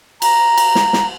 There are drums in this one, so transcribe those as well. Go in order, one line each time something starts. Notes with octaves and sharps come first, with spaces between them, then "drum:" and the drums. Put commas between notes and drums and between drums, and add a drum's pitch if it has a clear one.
A#5, drum: cymbal
drum: cymbal
drum: snare
drum: snare